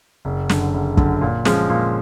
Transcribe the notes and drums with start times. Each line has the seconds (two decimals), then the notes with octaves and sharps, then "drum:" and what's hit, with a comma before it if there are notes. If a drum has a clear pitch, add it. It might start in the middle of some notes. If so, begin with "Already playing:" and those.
0.25 F#1
0.49 F#2 D3, drum: snare
0.73 F#1
0.97 F#2 D3, drum: kick
1.21 A#2
1.45 F3 G#3 C#4, drum: snare
1.70 A#2